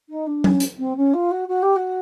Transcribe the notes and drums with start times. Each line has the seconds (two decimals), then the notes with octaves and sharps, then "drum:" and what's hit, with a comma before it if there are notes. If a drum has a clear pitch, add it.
0.09 D#4
0.26 D4
0.44 C#4, drum: tom F#3
0.60 drum: hi-hat
0.78 C4
0.96 C#4
1.13 F4
1.31 F#4
1.48 F#4
1.62 G4
1.76 F#4